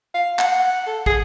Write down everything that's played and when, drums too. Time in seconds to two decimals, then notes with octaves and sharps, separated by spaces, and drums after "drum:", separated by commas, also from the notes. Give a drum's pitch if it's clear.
0.14 F5
0.39 F#5, drum: clap
0.86 A4
1.06 G#4, drum: kick